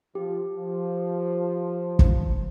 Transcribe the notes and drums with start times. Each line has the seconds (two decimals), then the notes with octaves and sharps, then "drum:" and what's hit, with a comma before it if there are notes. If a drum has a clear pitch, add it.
0.15 F3 G4
0.54 F3
1.99 drum: kick